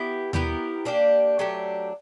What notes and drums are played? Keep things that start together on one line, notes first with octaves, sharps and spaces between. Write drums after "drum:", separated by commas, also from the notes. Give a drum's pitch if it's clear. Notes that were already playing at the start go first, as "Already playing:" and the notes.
Already playing: B3 E4 G4
B3 E4 G4 A#4, drum: tom D#2
A#3 D4 G4
F#3 A3 D4 G4